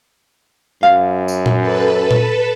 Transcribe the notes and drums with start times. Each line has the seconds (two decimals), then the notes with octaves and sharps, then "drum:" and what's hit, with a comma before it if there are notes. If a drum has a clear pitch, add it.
0.83 F#2 F5
1.28 drum: tambourine
1.46 drum: tom A#2
1.60 A4 B4 A5
2.11 drum: tom A#2